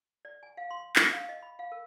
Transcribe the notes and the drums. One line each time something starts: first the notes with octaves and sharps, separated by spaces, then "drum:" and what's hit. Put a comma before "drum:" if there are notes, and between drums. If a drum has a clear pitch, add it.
D5
G#5
F5
C6
G#5, drum: clap
F5
D#5
B5
F5
A#4